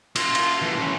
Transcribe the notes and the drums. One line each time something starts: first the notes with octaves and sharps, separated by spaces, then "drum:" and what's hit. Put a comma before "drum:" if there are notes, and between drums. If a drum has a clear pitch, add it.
F4, drum: cymbal
drum: cymbal
E3 A3
C#4 E4